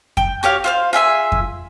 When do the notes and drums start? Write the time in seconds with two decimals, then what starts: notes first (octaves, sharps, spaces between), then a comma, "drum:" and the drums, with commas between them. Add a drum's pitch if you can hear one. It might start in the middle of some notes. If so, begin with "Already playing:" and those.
0.17 G5, drum: kick F2
0.43 F#4 G4 C#5 F5
0.64 F4 C5 F5
0.93 F4 G#4 E5 G#5
1.32 drum: kick F2